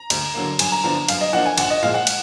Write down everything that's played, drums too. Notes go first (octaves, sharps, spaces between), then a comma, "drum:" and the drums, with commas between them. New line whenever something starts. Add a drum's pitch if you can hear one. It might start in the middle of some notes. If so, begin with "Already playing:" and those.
Already playing: A#5
D2, drum: cymbal
D3 F#3 A#3
F#2 G#5, drum: cymbal
A#5
D3 F3 B3 D4 A#5
F#2 F5, drum: cymbal
D#5
F3 A#3 D4 F#5
G#5
A#1 F#5, drum: cymbal
D#5
A#2 F3 G#3 F5
F#5
drum: cymbal